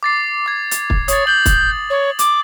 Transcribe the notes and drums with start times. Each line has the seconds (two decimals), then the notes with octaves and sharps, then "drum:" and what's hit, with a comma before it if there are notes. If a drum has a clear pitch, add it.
0.03 D6 A6 C7
0.46 D6 G#6
0.71 drum: hi-hat
0.90 drum: kick
1.08 C#5 D#6 A6, drum: hi-hat
1.27 G6 F#7
1.46 drum: kick, hi-hat
1.90 C#5
2.19 D6, drum: hi-hat